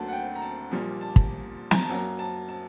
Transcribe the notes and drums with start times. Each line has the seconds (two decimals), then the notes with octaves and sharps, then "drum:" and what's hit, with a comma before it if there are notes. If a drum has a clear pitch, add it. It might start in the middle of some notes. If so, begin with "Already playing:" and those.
Already playing: D2 D3 F#3 A#3 A5
0.08 F#5
0.13 G5
0.35 A#5
0.42 A5
0.72 A#1 A#2 G3 A#3
1.01 A5
1.16 drum: kick
1.71 A#5, drum: snare
1.82 A5
1.89 F#2 F#3 A#3 A#5
2.19 A5
2.49 A5